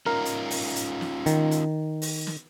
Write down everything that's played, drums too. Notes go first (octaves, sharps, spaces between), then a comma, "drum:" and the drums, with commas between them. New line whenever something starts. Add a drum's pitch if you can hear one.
C#4 D#4 F4 A#4
drum: hi-hat
drum: open hi-hat
drum: hi-hat
drum: snare
D#3, drum: hi-hat
drum: hi-hat
drum: open hi-hat
drum: snare